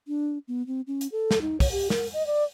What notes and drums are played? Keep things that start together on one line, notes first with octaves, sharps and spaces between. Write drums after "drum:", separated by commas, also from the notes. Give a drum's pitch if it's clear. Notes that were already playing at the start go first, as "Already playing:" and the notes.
D4
B3
C4
C#4
drum: hi-hat
A4
drum: snare
D#4
C#5, drum: kick, open hi-hat
G4
A#4, drum: snare
D#5
D5